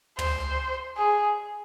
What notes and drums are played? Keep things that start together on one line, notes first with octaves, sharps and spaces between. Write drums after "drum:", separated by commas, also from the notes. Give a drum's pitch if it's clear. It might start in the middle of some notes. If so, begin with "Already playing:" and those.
C5, drum: tom
G#4